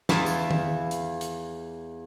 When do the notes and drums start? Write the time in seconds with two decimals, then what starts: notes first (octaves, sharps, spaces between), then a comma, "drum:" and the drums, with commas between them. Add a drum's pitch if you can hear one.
0.09 E2 E4 F4 E5, drum: snare
0.26 drum: tambourine
0.51 drum: tom
0.91 drum: hi-hat
1.21 drum: hi-hat